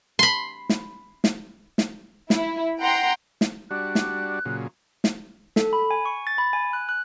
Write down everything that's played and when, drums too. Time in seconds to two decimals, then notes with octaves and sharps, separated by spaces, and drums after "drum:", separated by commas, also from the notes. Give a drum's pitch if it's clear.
0.19 B5 C6
0.69 drum: snare
1.24 drum: snare
1.78 drum: snare
2.30 E4, drum: snare
2.79 F#5 G5 A#5 C6
3.41 drum: snare
3.71 G3 D4 F#4 F#6
3.95 drum: snare
4.45 A#2 C#3 F#3
5.04 drum: snare
5.56 A4, drum: snare
5.73 B5
5.91 G#5
6.05 C#6
6.27 A6
6.38 B5
6.53 G#5
6.73 F#6
6.89 F#6